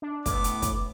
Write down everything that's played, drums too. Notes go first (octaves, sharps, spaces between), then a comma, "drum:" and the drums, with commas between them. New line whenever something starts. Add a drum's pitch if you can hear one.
D4
A2 B3 D6, drum: kick, hi-hat
drum: hi-hat
drum: kick, hi-hat